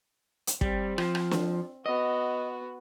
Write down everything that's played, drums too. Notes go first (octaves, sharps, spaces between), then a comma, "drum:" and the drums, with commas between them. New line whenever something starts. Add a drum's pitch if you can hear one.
drum: hi-hat
G3 C4, drum: kick
F3, drum: rim click
drum: rim click
drum: snare
B3 F#4 D#5